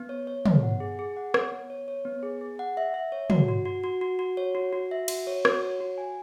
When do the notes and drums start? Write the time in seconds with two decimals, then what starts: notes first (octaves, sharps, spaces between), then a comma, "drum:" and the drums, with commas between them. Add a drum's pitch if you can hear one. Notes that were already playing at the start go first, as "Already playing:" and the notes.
Already playing: B3
0.09 C#5
0.27 C#5
0.46 B3, drum: tom
0.63 F#5
0.80 G#4
0.99 G#4
1.17 F#5
1.34 C#5, drum: rim click
1.52 B3
1.70 C#5
1.88 C#5
2.05 B3
2.23 G#4
2.41 G#4
2.59 F#5
2.77 E5
2.94 E5
3.12 C#5
3.30 F#4, drum: tom
3.48 F#4
3.65 F#4
3.84 F#4
4.01 F#4
4.19 F#4
4.37 C#5
4.55 F#4
4.73 F#4
4.91 E5
5.08 F#4, drum: cymbal
5.27 C#5
5.45 F#4, drum: rim click
5.62 C#5
5.80 F#4
5.98 G#5